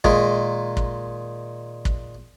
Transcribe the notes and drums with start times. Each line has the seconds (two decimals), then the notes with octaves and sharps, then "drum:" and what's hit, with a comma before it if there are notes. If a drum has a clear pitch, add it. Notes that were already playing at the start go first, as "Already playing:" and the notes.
0.04 A#2 D#3 G#3, drum: kick
0.77 drum: kick
1.85 drum: kick